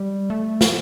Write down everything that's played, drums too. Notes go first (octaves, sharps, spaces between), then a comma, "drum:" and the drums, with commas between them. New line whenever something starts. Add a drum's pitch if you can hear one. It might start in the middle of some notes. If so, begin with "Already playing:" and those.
Already playing: G3
A3
drum: snare